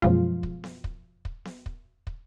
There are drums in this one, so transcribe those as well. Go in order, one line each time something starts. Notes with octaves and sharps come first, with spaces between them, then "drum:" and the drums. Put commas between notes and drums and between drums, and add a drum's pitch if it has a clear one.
F#2 B2 F3 G#3 F4, drum: kick
drum: kick
drum: snare B3
drum: kick
drum: kick
drum: snare B3
drum: kick
drum: kick